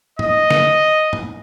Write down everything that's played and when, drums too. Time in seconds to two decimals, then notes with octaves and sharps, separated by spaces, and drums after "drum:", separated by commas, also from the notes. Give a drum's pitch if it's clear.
0.19 D#5, drum: tom
0.51 drum: snare
1.13 drum: tom